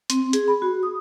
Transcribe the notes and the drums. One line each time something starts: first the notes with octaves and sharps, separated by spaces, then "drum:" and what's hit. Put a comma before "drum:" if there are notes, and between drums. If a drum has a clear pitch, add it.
C4, drum: hi-hat
G#4, drum: hi-hat
B5
F#4
D#6